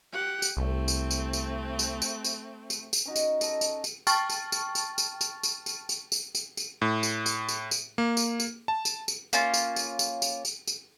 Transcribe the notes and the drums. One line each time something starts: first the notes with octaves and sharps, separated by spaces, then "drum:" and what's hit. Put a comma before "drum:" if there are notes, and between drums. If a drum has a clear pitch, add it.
G4 F#5
drum: tambourine
C2 A3 C4
drum: tambourine
drum: tambourine
drum: tambourine
drum: tambourine
drum: tambourine
drum: tambourine
drum: tambourine
drum: tambourine
C#4 D#4 F#4
drum: tambourine
A4 D#5, drum: tambourine
drum: tambourine
drum: tambourine
G5 A5 C#6 F6 A6, drum: tambourine
drum: tambourine
drum: tambourine
drum: tambourine
drum: tambourine
drum: tambourine
drum: tambourine
drum: tambourine
drum: tambourine
drum: tambourine
drum: tambourine
drum: tambourine
A2
drum: tambourine
drum: tambourine
drum: tambourine
drum: tambourine
A#3
drum: tambourine
drum: tambourine
A5
drum: tambourine
drum: tambourine
A#3 C#4 F4, drum: tambourine
drum: tambourine
drum: tambourine
drum: tambourine
drum: tambourine
drum: tambourine
drum: tambourine